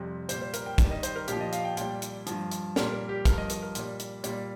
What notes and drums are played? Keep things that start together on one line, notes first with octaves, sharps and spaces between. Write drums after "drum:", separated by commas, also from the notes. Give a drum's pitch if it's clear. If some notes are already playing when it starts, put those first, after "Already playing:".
Already playing: F2 C3 G3
A#2 G3 C5, drum: hi-hat
C5
A#4, drum: hi-hat
G5
G2 D#3 G3, drum: kick, hi-hat
D#5
C5, drum: hi-hat
A#4
A#2 F3 G4, drum: hi-hat
D#5
F5, drum: hi-hat
G5
A#2 G3 G5, drum: hi-hat
drum: hi-hat
G2 F3, drum: hi-hat
drum: hi-hat
A#2 G3 A#4, drum: snare
A#4
G4
G2 F3 A#4, drum: kick, hi-hat
D#5
A#4, drum: hi-hat
A#4
A#2 G3, drum: hi-hat
drum: hi-hat
A#2 G3, drum: hi-hat